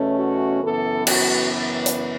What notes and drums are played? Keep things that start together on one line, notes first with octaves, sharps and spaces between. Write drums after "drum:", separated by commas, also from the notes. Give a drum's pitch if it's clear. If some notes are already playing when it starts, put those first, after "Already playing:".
Already playing: E2 B2 A3 C#4
F#4
F#2 C#3 E3 B3 A4
F#4, drum: cymbal
drum: hi-hat